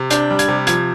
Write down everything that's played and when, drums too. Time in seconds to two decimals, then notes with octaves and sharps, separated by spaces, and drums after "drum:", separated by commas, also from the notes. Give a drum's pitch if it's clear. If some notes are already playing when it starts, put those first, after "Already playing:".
Already playing: C3
0.10 D4 G6, drum: hi-hat
0.30 G3
0.39 G#6, drum: hi-hat
0.48 C3
0.67 F3 G#6, drum: hi-hat